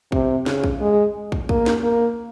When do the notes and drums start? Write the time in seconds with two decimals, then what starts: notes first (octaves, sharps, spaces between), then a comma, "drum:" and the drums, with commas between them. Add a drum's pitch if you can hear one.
0.12 C3, drum: kick
0.46 C#3, drum: snare
0.64 drum: kick
0.81 G#3
1.32 drum: kick
1.49 A#3, drum: kick
1.66 drum: snare
1.83 A#3